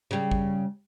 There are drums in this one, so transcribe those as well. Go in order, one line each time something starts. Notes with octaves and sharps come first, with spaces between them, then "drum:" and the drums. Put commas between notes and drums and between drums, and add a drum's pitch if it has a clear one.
C#3 G3
drum: kick